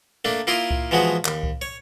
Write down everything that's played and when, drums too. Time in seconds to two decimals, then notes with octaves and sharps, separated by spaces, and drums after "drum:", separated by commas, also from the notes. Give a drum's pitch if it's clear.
0.25 A3 A#3 D4
0.47 A#3 E4 F4 A#4 C6 D#6
0.71 drum: kick C2
0.91 E3 F3 G#3 B3 F#4
1.25 D#2, drum: clap
1.43 drum: kick C2
1.62 C#5